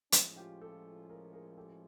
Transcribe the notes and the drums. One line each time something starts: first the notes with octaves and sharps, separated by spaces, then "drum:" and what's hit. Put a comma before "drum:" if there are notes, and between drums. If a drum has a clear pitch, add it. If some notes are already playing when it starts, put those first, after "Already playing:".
A2 F3 G#3 C#4, drum: hi-hat
F4 G4
G4 A4
G#4 A#4
G#4 A#4
G4 A4